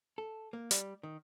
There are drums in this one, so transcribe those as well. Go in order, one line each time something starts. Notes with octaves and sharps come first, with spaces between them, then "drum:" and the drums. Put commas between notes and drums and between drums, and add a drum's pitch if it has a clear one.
A4
A#3
G3, drum: hi-hat
D#3